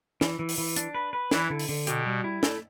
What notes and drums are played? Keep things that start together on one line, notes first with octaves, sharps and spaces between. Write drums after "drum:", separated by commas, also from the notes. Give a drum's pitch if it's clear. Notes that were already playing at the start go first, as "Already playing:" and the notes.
E3, drum: snare
E3
drum: open hi-hat
E3
D4, drum: hi-hat
B4
B4
E3 E4, drum: snare
D3
drum: open hi-hat
D3
B2 G4, drum: hi-hat
G3
E4
A3, drum: snare